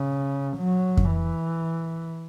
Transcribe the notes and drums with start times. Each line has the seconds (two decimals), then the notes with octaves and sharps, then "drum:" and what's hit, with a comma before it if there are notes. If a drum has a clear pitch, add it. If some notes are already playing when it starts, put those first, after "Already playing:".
Already playing: C#3
0.58 F#3
0.97 drum: kick F2
1.10 E3